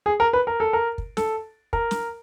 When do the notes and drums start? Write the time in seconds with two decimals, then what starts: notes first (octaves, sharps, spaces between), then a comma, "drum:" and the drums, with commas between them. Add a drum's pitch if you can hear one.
0.06 G#4
0.20 A#4
0.33 B4
0.47 A#4
0.60 A4
0.73 A#4
0.98 drum: kick
1.17 A4, drum: snare
1.73 A#4, drum: kick
1.91 drum: snare